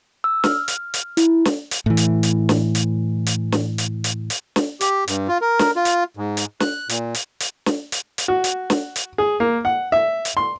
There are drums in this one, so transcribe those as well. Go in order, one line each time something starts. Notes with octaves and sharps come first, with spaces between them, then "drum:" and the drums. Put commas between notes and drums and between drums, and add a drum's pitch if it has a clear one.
E6
F6, drum: snare
drum: hi-hat
drum: hi-hat
E4, drum: hi-hat
drum: snare
drum: hi-hat
A2 E3
drum: hi-hat
drum: hi-hat
drum: snare
drum: hi-hat
drum: hi-hat
drum: snare
drum: hi-hat
drum: hi-hat
drum: hi-hat
drum: snare
G4, drum: hi-hat
G2, drum: hi-hat
F4
A#4
drum: snare
F4
drum: hi-hat
G#2
drum: hi-hat
F#6, drum: snare
A#2, drum: hi-hat
drum: hi-hat
drum: hi-hat
drum: snare
drum: hi-hat
drum: hi-hat
F#4
drum: hi-hat
drum: snare
drum: hi-hat
G#4
A#3
F#5
E5
drum: hi-hat
C6